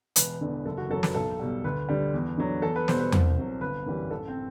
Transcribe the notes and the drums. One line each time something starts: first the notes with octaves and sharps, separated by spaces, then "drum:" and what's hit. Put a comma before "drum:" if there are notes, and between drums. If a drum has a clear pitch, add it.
E1 B4, drum: hi-hat
E2 D3
F#1 A4
F#4
F#2 F#3 A4
B4, drum: snare
B1 A4
B2 G3
D2 B4
D3 G3
E2
D3 F#3
E2 A4
B4
B2 G3 C5, drum: snare
B4
C2 C5, drum: tom E2
C3 F#3
G1 B4
F#2 E3 G3
A1 A4
C4